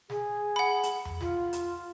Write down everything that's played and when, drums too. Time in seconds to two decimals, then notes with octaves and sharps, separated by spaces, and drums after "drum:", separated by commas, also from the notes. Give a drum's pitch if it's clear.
0.10 G#4, drum: snare
0.56 F#5 B5
0.83 drum: hi-hat
1.05 drum: tom E2
1.21 F4, drum: snare
1.53 drum: hi-hat